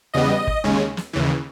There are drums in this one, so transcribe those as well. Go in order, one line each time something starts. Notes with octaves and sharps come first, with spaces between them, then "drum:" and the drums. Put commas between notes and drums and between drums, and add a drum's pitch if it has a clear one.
E2 C#3 G3 B3 D#5
drum: kick
D#2 C#3 G#3 C#4
drum: snare
D#2 C#3 E3